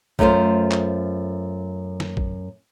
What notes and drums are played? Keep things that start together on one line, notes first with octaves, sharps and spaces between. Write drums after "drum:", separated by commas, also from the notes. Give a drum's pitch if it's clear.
F#2 A3 D#4 F4 C5, drum: kick
drum: clap
drum: snare
drum: kick